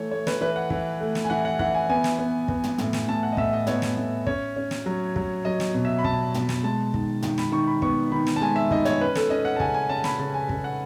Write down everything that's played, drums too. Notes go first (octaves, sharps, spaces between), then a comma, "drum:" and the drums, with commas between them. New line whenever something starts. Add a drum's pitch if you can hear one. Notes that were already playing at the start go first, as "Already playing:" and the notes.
Already playing: E3 A3 C#5
A3 C#5
B4, drum: snare
E3 B4
F#5
E3, drum: kick
A3
drum: snare
G#5
E3 F#5
F#5
E3 F#5, drum: kick
G#5
B3 G#5
drum: snare
B3
B3, drum: kick
drum: tom
A2, drum: tom
drum: snare
A2 A5
F#5
D#5
A2 E5, drum: kick
D#5
B3 C#5, drum: tom
drum: snare
A2
C#4 C#5, drum: kick
C#4
drum: snare
F#3
F#3, drum: kick
F#3 D#5
drum: snare
B2
E5
B5
B2 A5, drum: kick
B2, drum: tom
drum: snare
G#3 A5
D#3, drum: kick
D#3, drum: tom
B5, drum: snare
D#3 C#6
B5
B3 C#6, drum: kick
D#3 B5
drum: snare
A5
G#3 G#5
E5
D#3 D#5, drum: kick
C#5, drum: tom
C#4 B4
A4, drum: snare
C#4 D#5
F#5
A5
C#3 G#5, drum: kick
G#5
C#4 A5
B5, drum: snare
C#3 A5
G#5
C#3, drum: kick
F#5